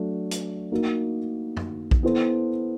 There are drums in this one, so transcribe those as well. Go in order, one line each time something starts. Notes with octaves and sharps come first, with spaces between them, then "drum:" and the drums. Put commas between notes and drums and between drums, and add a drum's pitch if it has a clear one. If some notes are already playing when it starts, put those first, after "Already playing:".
Already playing: F#3 A3 D4 F#4 A4
drum: hi-hat
A#3 D#4 F#4
drum: tom F#2
drum: kick A#1
B3 E4 A4 C5